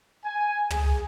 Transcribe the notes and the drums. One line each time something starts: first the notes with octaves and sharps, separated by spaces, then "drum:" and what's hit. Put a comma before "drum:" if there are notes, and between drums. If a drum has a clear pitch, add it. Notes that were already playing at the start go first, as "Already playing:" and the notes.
G#5
G#4, drum: tom